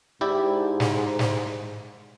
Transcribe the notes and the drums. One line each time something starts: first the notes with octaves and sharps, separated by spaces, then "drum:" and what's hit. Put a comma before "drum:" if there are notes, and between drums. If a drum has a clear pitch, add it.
G#2 E4 G4 D5
drum: snare
drum: snare